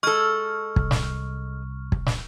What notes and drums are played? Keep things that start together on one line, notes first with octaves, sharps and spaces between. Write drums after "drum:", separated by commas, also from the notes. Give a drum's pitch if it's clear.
G#3 A4 C#6 F6
C2, drum: kick
drum: snare
drum: kick
drum: snare